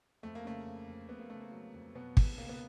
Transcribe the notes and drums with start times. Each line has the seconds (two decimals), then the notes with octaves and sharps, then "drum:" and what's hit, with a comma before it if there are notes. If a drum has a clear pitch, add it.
0.23 F2 A3
0.35 A#3
0.45 C#3 A3
0.65 F2
0.87 F2
1.09 F2 B3
1.20 A#3
1.30 C#3 A3
1.40 A#3
1.52 F#3
1.74 F2
1.95 B2 F#3 B3
2.17 B2, drum: kick
2.37 C#2 A#3
2.49 B3